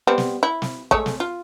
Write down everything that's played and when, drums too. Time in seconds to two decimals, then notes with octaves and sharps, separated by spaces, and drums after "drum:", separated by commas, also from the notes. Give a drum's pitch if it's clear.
0.07 G3 B3 C4
0.18 drum: snare
0.43 E4
0.62 drum: snare
0.91 G#3 A3 C#5, drum: kick
1.06 drum: snare
1.20 F4